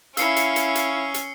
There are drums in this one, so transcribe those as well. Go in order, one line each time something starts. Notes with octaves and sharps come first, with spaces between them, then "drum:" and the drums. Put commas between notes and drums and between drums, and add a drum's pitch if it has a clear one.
C#4 E4 F5 C#6 E6 C7 C#7, drum: hi-hat
drum: hi-hat
drum: hi-hat
drum: hi-hat
drum: hi-hat